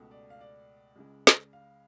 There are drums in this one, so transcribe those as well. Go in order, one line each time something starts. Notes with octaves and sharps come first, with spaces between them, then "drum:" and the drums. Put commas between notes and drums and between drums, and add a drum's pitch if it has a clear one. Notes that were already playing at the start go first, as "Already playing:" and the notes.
Already playing: C#2 B2 A3
D5
F5
D5
C#2 C#3 G#3
drum: snare
F5